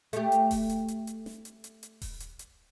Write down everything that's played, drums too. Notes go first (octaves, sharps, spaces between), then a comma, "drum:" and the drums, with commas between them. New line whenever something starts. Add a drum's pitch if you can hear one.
A3 G4, drum: hi-hat
drum: hi-hat
drum: kick D#1, open hi-hat
drum: hi-hat
drum: hi-hat
drum: hi-hat
drum: snare
drum: hi-hat
drum: hi-hat
drum: hi-hat
drum: kick D#1, open hi-hat
drum: hi-hat
drum: hi-hat